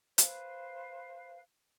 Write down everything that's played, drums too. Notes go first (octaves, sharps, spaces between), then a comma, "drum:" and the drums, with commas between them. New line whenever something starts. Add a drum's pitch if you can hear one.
B4 C5 F5, drum: hi-hat